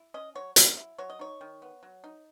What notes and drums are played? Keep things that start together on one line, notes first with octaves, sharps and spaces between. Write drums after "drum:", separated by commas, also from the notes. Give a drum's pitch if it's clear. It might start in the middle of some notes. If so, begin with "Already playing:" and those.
Already playing: E4
C#4 D#5
F#3 C#5
F#3, drum: hi-hat
E4
F#3 C#5
D#5
D#4 C#5
D#3
B3
F#3
D#4